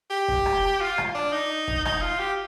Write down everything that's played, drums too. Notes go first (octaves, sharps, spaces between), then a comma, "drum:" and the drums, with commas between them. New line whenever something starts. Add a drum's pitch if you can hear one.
G4
drum: kick
drum: rim click
F4
drum: rim click
D4
D#4
drum: kick
D#4, drum: rim click
F4
G4